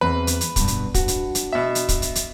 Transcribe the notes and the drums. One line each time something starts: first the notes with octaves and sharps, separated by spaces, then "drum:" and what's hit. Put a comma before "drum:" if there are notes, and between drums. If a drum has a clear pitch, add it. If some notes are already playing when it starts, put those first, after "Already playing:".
E2 C4 B4
drum: hi-hat
drum: hi-hat
G2 B2, drum: kick, hi-hat
drum: hi-hat
D4 F#4, drum: kick, hi-hat
drum: hi-hat
drum: hi-hat
B2 E5
drum: hi-hat
drum: kick, hi-hat
drum: hi-hat
drum: hi-hat